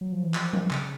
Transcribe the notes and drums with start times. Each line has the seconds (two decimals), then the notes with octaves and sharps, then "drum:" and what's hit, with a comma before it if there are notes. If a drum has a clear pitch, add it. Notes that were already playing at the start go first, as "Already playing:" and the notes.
0.01 F#3
0.12 F3
0.23 E3
0.34 F3, drum: clap
0.53 drum: tom F3
0.71 C#3, drum: clap